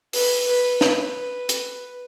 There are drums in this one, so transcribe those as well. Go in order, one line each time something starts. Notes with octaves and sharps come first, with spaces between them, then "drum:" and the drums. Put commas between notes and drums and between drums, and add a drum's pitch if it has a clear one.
B4, drum: open hi-hat
B4
B4, drum: snare
drum: hi-hat